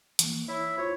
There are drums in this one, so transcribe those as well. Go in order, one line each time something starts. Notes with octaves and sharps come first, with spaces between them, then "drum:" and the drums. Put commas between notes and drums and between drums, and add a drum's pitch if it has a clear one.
E3 A#3, drum: hi-hat
E4 C#5 E5
F4 C5 C#5